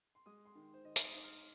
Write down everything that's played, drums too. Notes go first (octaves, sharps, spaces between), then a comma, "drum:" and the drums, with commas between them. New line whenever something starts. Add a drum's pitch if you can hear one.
C6
G#3 D#6
C6
D#3
C5
D#3 D#5
C6, drum: hi-hat
D#6
D#4
F6